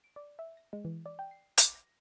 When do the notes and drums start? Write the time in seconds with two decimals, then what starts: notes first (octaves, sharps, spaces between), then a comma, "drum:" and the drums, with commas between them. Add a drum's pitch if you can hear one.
0.04 D7
0.16 D5
0.39 E5
0.57 A#6
0.73 G#3
0.85 E3
1.06 D5
1.19 G5
1.31 C7
1.58 D6, drum: hi-hat
1.75 A#6